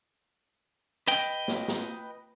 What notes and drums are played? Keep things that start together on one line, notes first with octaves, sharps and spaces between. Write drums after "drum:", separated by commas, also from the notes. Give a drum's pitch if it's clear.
B4 D#5 G5
drum: snare
drum: snare